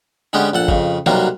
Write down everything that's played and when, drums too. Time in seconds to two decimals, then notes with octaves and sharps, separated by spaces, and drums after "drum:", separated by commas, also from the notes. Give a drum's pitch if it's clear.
0.33 D3 G#3 B3 C#4 G4
0.54 A#1 A4 F#5
0.68 F2 C#3, drum: kick G#1
1.06 B1 C3 F#3 G3 A#3, drum: snare